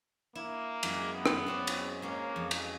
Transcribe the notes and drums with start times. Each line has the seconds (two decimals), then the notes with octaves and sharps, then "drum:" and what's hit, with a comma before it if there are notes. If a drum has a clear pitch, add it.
0.35 A#3 E4
0.83 F#2 G#3, drum: cymbal
1.14 B3
1.26 drum: rim click
1.46 C4 C#4 D5
1.67 drum: cymbal
2.02 G#3 A#3 C#4
2.36 F2
2.51 drum: cymbal